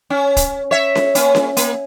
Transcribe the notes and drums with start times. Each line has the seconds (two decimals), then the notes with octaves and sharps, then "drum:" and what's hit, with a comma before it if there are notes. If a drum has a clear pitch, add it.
0.10 C#4
0.37 drum: kick, hi-hat
0.71 C#5 E5
0.95 drum: snare C#4
1.15 A#3 C#4, drum: hi-hat
1.35 drum: snare C#4
1.57 A#3, drum: hi-hat